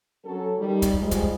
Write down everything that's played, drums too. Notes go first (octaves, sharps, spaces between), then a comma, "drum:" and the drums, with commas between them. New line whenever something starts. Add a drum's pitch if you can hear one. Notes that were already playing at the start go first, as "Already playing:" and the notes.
F#3 C#4 A4
D#3 G3
drum: kick, hi-hat
G#2 F3 G3 G#3
drum: kick, hi-hat